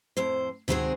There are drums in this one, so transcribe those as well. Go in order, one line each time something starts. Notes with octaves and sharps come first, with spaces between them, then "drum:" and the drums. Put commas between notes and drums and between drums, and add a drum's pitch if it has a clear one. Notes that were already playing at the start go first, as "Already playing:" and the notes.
F2 A2 C5
C3 D#3 G#3 C4 F#4 G#4, drum: tom D2